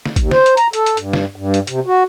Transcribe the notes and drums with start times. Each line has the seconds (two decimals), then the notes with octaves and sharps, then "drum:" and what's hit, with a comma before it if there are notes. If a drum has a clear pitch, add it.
0.05 drum: snare
0.16 D#2, drum: kick, hi-hat
0.31 C5, drum: snare
0.46 drum: hi-hat
0.57 A#5, drum: hi-hat
0.73 A4, drum: hi-hat
0.86 drum: hi-hat
0.97 G2, drum: hi-hat
1.13 drum: snare
1.36 G2
1.54 drum: hi-hat
1.67 C3, drum: hi-hat
1.86 F#4